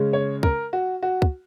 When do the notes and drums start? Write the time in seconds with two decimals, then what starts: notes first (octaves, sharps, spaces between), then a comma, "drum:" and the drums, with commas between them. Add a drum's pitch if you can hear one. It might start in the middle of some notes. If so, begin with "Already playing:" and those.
Already playing: C#3 G#3 C#4
0.13 C#5
0.43 A#4, drum: kick
0.73 F#4
1.03 F#4
1.22 drum: kick